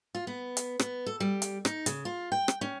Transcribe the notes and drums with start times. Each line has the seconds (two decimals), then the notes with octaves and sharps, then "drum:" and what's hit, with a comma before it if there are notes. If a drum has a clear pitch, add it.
0.15 F4
0.27 B3
0.57 drum: hi-hat
0.79 B3, drum: rim click
1.06 A4
1.20 G3
1.42 drum: hi-hat
1.65 D#4, drum: rim click
1.86 C#3, drum: hi-hat
2.05 F4
2.32 G5
2.48 drum: rim click
2.61 C#4